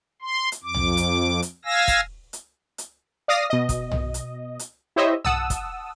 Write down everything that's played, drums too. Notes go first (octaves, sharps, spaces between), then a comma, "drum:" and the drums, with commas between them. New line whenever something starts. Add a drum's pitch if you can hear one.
C6
drum: hi-hat
F2 D6
drum: tom
drum: hi-hat
drum: hi-hat
F5 G#5 E6 A#6
drum: kick, hi-hat
drum: hi-hat
drum: hi-hat
D5 F5 D#6 A#6 C7
B2 D#5
drum: kick, hi-hat
drum: tom
drum: hi-hat
drum: hi-hat
E4 G4 C5 C#5 D#5 E5
F#5 A5 D#6 E6, drum: tom
drum: kick, hi-hat